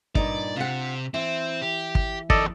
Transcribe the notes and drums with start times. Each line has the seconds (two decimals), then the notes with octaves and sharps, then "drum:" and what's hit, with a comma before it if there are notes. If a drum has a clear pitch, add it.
0.15 G2 A#2 D#4 D5, drum: kick
0.57 C3 F4 F#5
1.14 E3 C4
1.62 G4
1.95 drum: kick
2.30 F2 D#3 A4 D5 D#5, drum: kick